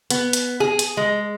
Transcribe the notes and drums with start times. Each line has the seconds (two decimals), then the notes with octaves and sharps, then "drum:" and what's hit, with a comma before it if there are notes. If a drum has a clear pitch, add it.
0.10 B3, drum: hi-hat
0.33 drum: hi-hat
0.60 G#4
0.79 drum: hi-hat
0.97 G#3